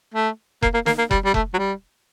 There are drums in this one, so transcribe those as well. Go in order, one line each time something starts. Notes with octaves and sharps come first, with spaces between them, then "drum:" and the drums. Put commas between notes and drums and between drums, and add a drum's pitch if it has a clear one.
A3
A#3, drum: kick F1
A#3
A#3, drum: snare
A#3
G3, drum: kick F1
G3
A3, drum: kick F1
F#3
G3